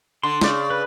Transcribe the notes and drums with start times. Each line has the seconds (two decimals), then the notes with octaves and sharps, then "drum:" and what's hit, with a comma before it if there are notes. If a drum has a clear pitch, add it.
0.23 D3 C6
0.41 C#3 D5, drum: snare
0.70 B4